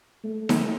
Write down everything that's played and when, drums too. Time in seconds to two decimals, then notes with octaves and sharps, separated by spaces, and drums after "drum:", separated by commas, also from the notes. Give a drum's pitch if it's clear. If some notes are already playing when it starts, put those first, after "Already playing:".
0.24 A3
0.49 drum: snare D#4